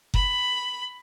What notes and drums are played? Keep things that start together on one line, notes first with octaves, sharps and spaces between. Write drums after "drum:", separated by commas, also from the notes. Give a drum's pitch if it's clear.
B5, drum: kick F#1